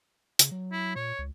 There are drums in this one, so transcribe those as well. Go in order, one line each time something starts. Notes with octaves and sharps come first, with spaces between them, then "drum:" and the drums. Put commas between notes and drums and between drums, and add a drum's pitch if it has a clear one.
C#3, drum: hi-hat
F#3
E4
A#2 C#5
C#2